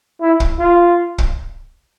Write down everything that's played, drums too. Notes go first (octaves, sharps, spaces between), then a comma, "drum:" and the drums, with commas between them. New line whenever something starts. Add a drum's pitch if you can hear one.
E4
drum: kick
F4
drum: kick